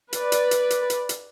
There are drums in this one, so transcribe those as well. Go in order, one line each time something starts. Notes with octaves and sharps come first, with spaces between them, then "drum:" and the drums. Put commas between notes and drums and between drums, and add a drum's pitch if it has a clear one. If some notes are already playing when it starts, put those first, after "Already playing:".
B4 D5, drum: hi-hat
drum: hi-hat
drum: hi-hat
drum: hi-hat
drum: hi-hat
drum: hi-hat